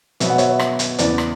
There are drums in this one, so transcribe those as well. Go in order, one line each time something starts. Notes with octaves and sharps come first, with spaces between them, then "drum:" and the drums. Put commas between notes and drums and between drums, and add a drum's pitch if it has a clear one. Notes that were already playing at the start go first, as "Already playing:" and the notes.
B2 F#3 B3 E5, drum: hi-hat
F#5
C#5 E5, drum: hi-hat
drum: rim click
drum: hi-hat
E2 C#3 E3 B3 B4 D5, drum: hi-hat
drum: rim click